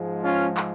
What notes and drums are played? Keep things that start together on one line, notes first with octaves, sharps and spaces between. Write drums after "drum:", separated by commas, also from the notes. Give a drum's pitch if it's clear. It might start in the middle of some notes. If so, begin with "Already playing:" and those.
Already playing: G#2 F3 G#3
C#4 F4
drum: clap